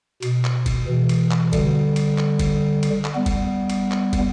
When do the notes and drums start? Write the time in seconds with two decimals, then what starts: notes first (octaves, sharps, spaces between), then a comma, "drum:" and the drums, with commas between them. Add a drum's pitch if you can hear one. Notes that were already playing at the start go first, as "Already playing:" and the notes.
0.22 B2, drum: cymbal
0.44 drum: clap
0.66 drum: kick, cymbal
0.88 B2 E3
1.09 drum: cymbal
1.31 drum: clap
1.53 D3 G3, drum: kick, cymbal
1.96 drum: cymbal
2.18 drum: clap
2.39 drum: kick, cymbal
2.83 drum: cymbal
3.04 drum: clap
3.16 G3 B3
3.26 drum: kick, cymbal
3.70 drum: cymbal
3.91 drum: clap
4.13 drum: kick, cymbal